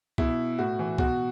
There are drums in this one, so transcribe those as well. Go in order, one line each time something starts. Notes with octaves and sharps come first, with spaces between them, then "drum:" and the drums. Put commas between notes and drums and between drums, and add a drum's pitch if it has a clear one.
B2 E4, drum: kick
A2 F#4
E3
B2 F#4, drum: kick